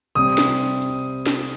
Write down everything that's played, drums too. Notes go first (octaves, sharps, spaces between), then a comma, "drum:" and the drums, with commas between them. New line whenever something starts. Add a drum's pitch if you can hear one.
C3 G3 C4 D#6
drum: snare
drum: hi-hat
drum: snare